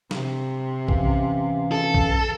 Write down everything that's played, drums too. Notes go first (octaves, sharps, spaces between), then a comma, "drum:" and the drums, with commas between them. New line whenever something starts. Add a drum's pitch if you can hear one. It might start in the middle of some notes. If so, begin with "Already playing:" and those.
C3, drum: snare
E3 C#4 F5, drum: kick A#1
A4
drum: kick A#1